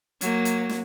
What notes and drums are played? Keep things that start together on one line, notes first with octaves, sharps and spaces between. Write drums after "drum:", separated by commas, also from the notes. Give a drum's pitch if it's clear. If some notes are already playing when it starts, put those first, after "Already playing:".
F#3 A#3, drum: hi-hat
drum: hi-hat
drum: snare